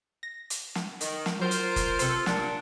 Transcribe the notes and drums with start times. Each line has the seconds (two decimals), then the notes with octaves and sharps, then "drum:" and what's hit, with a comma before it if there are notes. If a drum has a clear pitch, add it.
0.23 A#6
0.50 drum: hi-hat
0.75 drum: snare
1.01 D#3, drum: hi-hat
1.26 drum: snare
1.40 F#3 F4 A#4 C5
1.51 drum: hi-hat
1.76 drum: kick F#1, hi-hat
1.99 C3 A4 C5, drum: hi-hat
2.26 A#2 D4, drum: snare